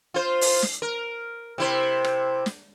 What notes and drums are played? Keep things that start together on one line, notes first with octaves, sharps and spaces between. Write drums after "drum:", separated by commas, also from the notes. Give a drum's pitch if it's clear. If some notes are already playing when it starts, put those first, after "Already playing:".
F4 C5
drum: open hi-hat
drum: snare
A#4
C3 E4 C5
drum: rim click
drum: snare